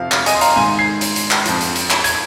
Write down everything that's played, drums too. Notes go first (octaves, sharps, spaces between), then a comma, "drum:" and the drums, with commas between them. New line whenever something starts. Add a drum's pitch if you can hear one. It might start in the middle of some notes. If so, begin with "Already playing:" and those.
Already playing: F2 C3 F3 F5
drum: clap
D#5 G#5, drum: hi-hat
C6
F5 A#5, drum: hi-hat
G#2 D#3 G#5 C6
G#6 C7
drum: hi-hat
drum: hi-hat
drum: clap
F2 F3, drum: hi-hat
drum: hi-hat
drum: hi-hat
drum: clap
G#6, drum: hi-hat